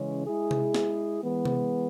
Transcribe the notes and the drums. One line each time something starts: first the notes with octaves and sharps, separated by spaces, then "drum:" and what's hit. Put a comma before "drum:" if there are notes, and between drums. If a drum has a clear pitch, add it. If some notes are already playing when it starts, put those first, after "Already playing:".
Already playing: C#3 E3 G#3 C#4
G#3 E4 G#4
drum: tom C3
drum: snare
E3 G#3 B3
drum: tom C3